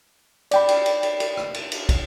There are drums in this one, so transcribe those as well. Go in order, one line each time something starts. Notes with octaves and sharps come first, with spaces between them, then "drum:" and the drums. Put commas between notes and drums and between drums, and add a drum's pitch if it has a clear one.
D5 G5 B5, drum: cymbal
drum: cymbal
drum: cymbal
drum: cymbal
drum: cymbal
drum: rim click
drum: cymbal
drum: cymbal
drum: kick, cymbal